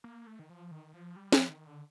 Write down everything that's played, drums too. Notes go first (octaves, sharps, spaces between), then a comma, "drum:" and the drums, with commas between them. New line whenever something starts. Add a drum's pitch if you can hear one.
A#3
A3
D#3
F3
D#3
F3
G3
F3, drum: snare
D#3
D3